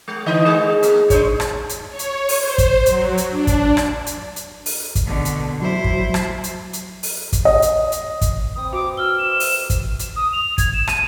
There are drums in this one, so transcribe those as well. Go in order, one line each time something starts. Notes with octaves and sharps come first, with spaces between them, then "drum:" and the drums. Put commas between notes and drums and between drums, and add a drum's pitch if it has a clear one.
G#3
D3 E3 D#5
G#3 D#4 G#4
A#3, drum: hi-hat
D4 C5 C#5, drum: kick, hi-hat
drum: rim click
drum: hi-hat
C#5
drum: hi-hat
drum: open hi-hat
C5
drum: kick, hi-hat
F#3, drum: hi-hat
drum: hi-hat
D4
drum: kick, hi-hat
drum: rim click
drum: hi-hat
drum: hi-hat
drum: open hi-hat
drum: kick, hi-hat
B2 D3
drum: hi-hat
F#3 E4 C5
drum: kick
drum: rim click
drum: hi-hat
drum: hi-hat
drum: open hi-hat
drum: kick, hi-hat
D#5
drum: hi-hat
drum: hi-hat
drum: kick, hi-hat
C4 B4 D#6
F#4 D6
E6 F6 G7
C5 E5 E7
drum: open hi-hat
drum: kick, hi-hat
drum: hi-hat
D#6
F7
G#6, drum: kick, hi-hat
E7
D#7, drum: rim click